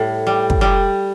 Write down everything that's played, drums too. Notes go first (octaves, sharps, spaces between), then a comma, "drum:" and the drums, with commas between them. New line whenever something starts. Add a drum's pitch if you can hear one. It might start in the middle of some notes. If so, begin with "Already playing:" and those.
Already playing: A2 G3
G3
drum: kick
G3